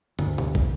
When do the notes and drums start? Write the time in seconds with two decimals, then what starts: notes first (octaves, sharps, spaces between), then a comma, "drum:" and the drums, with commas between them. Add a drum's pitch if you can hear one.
0.19 D2, drum: tom
0.38 drum: tom B2
0.55 drum: kick